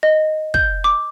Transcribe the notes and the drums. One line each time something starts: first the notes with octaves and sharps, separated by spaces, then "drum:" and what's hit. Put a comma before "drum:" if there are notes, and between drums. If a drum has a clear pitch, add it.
D#5
G6, drum: kick
D6